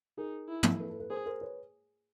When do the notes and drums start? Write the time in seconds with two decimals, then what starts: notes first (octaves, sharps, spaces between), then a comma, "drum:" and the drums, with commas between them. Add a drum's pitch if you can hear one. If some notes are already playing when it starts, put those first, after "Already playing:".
0.17 D#4 G#4 A#4
0.49 E4
0.63 drum: tom
0.80 A4 B4
0.90 A4 B4
1.00 A4 B4
1.10 G#4 A#4 C5
1.26 A#4 C5
1.41 B4 C#5